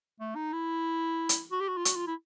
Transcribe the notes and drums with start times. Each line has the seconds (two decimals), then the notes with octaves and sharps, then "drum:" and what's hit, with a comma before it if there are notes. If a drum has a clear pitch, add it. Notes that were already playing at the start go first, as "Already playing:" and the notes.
0.20 A3
0.36 D#4
0.53 E4
1.29 drum: hi-hat
1.52 F#4
1.61 G4
1.69 F#4
1.77 F4
1.85 F#4, drum: hi-hat
1.96 F4
2.07 E4